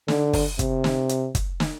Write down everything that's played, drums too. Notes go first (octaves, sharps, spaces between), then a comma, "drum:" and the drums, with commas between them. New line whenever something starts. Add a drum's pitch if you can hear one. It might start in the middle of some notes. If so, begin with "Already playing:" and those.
D3, drum: snare
drum: kick, open hi-hat
C3, drum: kick, hi-hat
drum: snare
drum: hi-hat
drum: kick, hi-hat
drum: snare